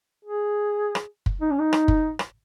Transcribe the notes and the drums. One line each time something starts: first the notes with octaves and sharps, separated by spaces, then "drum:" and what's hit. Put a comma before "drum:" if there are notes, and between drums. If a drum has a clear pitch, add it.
G#4
drum: rim click
drum: kick
D#4
C#4
D#4
drum: rim click
drum: kick
drum: rim click